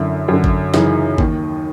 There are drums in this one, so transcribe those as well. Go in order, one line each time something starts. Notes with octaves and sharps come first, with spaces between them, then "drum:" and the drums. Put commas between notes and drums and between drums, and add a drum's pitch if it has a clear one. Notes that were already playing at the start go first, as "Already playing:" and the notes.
Already playing: F#2 D3 E4
F#2 D3
drum: kick G#1
F#2 C#3 E3 D#4, drum: snare
D#2 D#3, drum: kick G#1